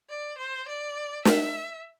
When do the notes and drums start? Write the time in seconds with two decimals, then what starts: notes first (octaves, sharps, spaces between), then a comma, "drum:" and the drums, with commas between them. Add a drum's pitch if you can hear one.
0.10 D5
0.38 C5
0.68 D5
1.25 E5, drum: snare